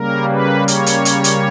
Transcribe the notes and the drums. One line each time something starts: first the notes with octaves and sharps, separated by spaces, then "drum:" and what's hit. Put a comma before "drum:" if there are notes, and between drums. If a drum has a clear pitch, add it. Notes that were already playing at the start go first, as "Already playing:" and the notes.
Already playing: C#3 G3 A#3 A#4
B4
C#5, drum: hi-hat
drum: hi-hat
drum: hi-hat
drum: hi-hat